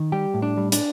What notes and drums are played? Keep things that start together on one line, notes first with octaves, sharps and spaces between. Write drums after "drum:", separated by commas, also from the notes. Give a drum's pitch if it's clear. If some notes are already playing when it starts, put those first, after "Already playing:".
Already playing: D#3
G3 G4
A2
D4
G3
D4, drum: hi-hat